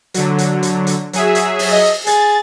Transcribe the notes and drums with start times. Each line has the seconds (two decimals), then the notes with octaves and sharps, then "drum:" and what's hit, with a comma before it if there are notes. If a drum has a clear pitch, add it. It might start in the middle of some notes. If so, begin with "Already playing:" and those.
0.14 D3 F#3, drum: hi-hat
0.38 drum: hi-hat
0.63 drum: hi-hat
0.87 drum: hi-hat
1.13 F#3 G#4 E5, drum: hi-hat
1.35 drum: hi-hat
1.59 drum: open hi-hat
1.72 D#5
2.07 G#4 A6, drum: hi-hat